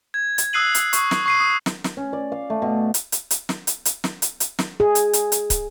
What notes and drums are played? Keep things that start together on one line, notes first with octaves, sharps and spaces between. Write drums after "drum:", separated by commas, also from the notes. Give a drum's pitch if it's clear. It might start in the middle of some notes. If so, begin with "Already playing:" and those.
G#6
drum: hi-hat
D#6 E6 F#6 C7 D#7 F#7
drum: hi-hat
C#6 D#6, drum: hi-hat
drum: snare
C#6 C7 D#7
D#6
drum: snare
drum: snare
C#4
D5
F5
A3
B2
drum: hi-hat
drum: hi-hat
drum: hi-hat
drum: snare
drum: hi-hat
drum: hi-hat
drum: snare
drum: hi-hat
drum: hi-hat
drum: snare
G#4
drum: hi-hat
drum: hi-hat
drum: hi-hat
drum: kick, hi-hat